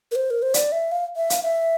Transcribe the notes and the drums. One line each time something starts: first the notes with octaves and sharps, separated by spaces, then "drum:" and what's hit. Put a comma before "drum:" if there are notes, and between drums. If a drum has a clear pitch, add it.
A#4
C5
A#4
C5
D5, drum: hi-hat
E5
F5
E5
F5, drum: hi-hat
E5